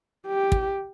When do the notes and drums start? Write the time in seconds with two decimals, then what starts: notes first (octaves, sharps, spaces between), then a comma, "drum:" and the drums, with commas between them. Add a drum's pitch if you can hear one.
0.27 G4
0.52 drum: kick